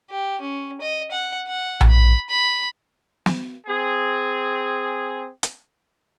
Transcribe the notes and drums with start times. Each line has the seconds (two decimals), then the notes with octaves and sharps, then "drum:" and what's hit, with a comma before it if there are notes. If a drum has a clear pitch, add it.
0.11 G4
0.41 C#4
0.81 D#5
1.12 F#5
1.48 F#5
1.81 drum: tom A#1
1.90 B5
2.30 B5
3.26 drum: snare
3.67 C4 G#4
5.43 drum: hi-hat